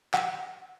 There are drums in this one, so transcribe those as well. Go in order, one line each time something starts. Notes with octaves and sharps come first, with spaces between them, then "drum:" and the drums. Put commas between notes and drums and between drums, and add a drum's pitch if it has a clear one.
F#5, drum: clap